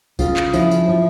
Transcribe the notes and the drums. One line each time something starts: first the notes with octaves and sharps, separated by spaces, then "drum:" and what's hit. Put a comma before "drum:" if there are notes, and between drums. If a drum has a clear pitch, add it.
C#3 F4, drum: kick C2, tambourine
drum: clap
F3 E4, drum: tambourine
drum: tambourine
F3